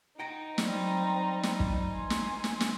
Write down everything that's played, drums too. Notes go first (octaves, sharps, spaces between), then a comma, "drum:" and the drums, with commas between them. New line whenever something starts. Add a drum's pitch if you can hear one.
D#4 F#5 G5 A#5
F#3 G3 C4 A#5, drum: snare
drum: snare
drum: kick
G#5 C6
drum: snare
drum: snare
drum: snare